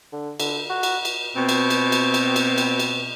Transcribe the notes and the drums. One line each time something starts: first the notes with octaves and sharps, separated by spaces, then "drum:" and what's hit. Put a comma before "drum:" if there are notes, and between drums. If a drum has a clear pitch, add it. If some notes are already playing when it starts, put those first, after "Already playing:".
D3
D3, drum: cymbal
F#4
drum: cymbal
drum: cymbal
B2 C4
drum: cymbal
drum: cymbal
drum: cymbal
drum: cymbal
drum: cymbal
drum: cymbal
drum: cymbal